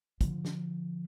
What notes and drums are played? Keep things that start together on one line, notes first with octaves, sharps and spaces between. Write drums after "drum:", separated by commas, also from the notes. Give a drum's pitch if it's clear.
D3 F3, drum: kick, hi-hat
drum: snare